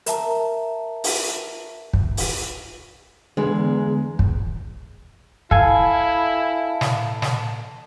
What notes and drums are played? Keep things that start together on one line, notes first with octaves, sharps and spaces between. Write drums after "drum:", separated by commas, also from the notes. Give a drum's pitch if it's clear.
A#4 E5 A5 A#5, drum: hi-hat
drum: open hi-hat
drum: kick
drum: open hi-hat
E2 D3 G#3 B3 G#4
drum: kick
E4 A4 F5 G#5, drum: kick
drum: snare
drum: snare